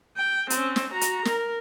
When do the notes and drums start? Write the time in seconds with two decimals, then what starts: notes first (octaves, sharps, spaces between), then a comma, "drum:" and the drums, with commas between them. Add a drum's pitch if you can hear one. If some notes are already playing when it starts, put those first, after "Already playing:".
0.17 G5
0.50 C4 C#4, drum: hi-hat
0.76 drum: snare
0.92 F#4 A#5
1.01 drum: hi-hat
1.25 A#4, drum: snare